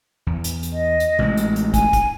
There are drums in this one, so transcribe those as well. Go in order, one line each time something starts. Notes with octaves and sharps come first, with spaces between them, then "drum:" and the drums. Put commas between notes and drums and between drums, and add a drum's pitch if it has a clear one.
E2
drum: hi-hat
drum: hi-hat
D#5
drum: hi-hat
A1 G#3, drum: tom C3
drum: hi-hat
drum: hi-hat
G#5, drum: kick, hi-hat
drum: kick, hi-hat